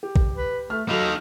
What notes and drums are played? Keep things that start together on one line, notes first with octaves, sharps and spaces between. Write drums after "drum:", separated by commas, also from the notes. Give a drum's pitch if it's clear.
G4
drum: kick
B4
A3 F6
F#3 D#4 A4 F5